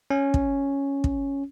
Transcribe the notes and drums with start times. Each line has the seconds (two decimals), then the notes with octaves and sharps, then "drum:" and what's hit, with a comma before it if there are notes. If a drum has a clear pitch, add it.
0.10 C#4
0.34 drum: kick
1.04 drum: kick